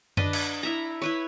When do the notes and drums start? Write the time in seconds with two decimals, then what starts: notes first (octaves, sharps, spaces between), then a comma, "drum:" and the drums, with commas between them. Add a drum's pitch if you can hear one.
0.17 D4 B4 D#5, drum: tom F#2
0.33 drum: cymbal
0.63 E4 E5 A#5
1.02 E4 B4 C#5